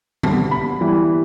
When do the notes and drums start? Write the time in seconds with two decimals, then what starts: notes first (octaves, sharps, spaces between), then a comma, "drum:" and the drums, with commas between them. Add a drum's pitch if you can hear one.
0.23 D3 G3 B3 A5, drum: tom E3
0.51 B5
0.80 E3 G3 B3